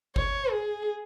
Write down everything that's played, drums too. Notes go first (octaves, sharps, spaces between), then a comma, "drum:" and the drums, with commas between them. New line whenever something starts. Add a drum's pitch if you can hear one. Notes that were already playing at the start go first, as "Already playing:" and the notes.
C#5, drum: kick G1
G#4